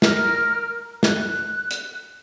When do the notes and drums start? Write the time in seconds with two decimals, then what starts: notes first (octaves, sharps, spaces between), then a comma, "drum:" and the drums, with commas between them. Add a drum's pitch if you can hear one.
0.02 A#4 F6, drum: snare
1.03 F#6, drum: snare
1.71 drum: hi-hat